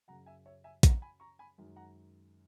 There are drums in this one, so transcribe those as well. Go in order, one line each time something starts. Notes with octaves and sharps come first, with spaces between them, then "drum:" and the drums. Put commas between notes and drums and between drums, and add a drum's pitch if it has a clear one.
F#2 C#3 F#3 F#5 A#5
E5 G#5
C#5 E5
E5 G#5
F#5 A#5, drum: kick, hi-hat
G#5 B5
A#5 C#6
G#5 B5
F#2 D#3 G#3
F#5 A#5